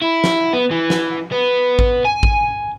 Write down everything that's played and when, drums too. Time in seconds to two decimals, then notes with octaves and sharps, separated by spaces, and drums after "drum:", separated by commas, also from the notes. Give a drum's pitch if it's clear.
0.02 E4
0.24 drum: snare
0.53 B3
0.71 E3
0.90 drum: snare
1.32 B3
1.79 drum: kick A1
2.05 G#5
2.23 drum: kick A1